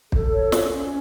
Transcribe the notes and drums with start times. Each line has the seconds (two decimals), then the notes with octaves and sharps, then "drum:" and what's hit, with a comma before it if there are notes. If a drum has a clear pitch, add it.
0.12 A4, drum: kick
0.32 C#5
0.52 C#4, drum: snare
0.72 C#4